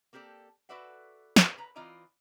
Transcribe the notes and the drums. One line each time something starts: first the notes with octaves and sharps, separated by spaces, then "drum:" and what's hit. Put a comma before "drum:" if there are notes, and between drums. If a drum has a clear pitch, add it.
A#3 C4 G4 A4 D5
F#4 A4 B4 D5 E5 F#5
drum: snare
B4 A#5
E3 C4 F4 D5 D#5 A#5